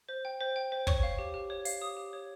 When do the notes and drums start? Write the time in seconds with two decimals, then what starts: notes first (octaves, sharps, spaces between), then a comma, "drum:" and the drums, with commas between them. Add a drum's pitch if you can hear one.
0.09 C5
0.25 G5
0.41 C5
0.56 G5
0.72 C5
0.87 C#5 C#6, drum: kick
1.03 F5
1.19 G4
1.34 G4
1.50 C#5
1.65 F5, drum: hi-hat
1.81 G4 D#6
1.97 G4
2.13 C#5